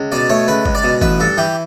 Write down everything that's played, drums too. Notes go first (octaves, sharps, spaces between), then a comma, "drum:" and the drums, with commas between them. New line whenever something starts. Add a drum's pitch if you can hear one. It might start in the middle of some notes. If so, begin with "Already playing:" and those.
Already playing: C#2
B2 D5
A3 C#5
C#2 B4
C#2, drum: kick G1
D5
B2
A1 B4, drum: kick G1
G2 A4
E3 G4